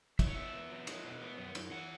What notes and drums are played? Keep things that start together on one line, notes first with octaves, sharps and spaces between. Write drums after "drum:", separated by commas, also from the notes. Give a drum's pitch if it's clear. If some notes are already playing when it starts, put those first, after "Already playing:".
G#3 E5, drum: kick, cymbal
C#5
B3 E5
B3
F#3
G#3, drum: cymbal
B2
B3
F#2
F#2, drum: cymbal
E3 F#5